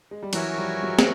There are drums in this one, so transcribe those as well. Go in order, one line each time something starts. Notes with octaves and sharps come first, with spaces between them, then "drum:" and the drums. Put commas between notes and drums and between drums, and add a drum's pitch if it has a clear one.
G#3
G3
E3 F#3 F#4 A#4 C#5 E5 G#5, drum: cymbal
F3 G3
F#3 G#3
drum: snare